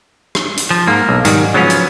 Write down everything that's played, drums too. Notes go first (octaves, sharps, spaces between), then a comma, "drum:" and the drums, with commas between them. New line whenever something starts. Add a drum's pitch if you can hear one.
drum: rim click
drum: hi-hat
F3
G#2 A#3
B1
G#2 D#3 G3, drum: hi-hat
C#3 F3 F#3 B3 C#4
drum: hi-hat